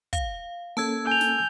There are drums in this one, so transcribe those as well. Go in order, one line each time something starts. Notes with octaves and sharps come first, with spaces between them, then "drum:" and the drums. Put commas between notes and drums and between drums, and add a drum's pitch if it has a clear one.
F5, drum: kick, hi-hat
A#3 C#4 A4 A5 E6 G#6
G#5 G6 F7
drum: snare